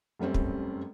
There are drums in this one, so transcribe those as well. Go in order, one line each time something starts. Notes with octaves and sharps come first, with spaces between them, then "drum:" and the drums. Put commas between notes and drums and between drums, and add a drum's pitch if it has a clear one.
F1 F#2 G3 C4 C#4
drum: kick